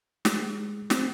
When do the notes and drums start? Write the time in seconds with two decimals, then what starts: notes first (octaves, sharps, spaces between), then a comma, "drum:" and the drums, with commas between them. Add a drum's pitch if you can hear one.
0.25 G#3, drum: snare
0.90 C4, drum: snare